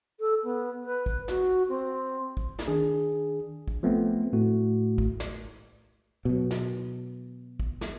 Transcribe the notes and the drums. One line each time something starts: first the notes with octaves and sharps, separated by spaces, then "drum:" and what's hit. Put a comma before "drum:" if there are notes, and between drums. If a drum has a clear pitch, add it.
A4
B3
B4
drum: kick
F#4, drum: snare
C4
drum: kick
drum: snare
D#3 D4 G#4
drum: kick
F3 A3 B3 C4
A2 A3 F#4
drum: kick
drum: snare
B2 F#3
drum: snare
drum: kick
drum: snare